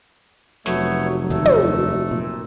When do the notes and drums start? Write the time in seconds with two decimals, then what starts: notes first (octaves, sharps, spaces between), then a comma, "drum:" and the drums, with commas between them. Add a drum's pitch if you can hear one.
0.66 F1 F#3 A3 B3 C#5, drum: snare
1.30 D#2 D#3 A3 A4, drum: hi-hat
1.45 drum: tom
2.11 A#2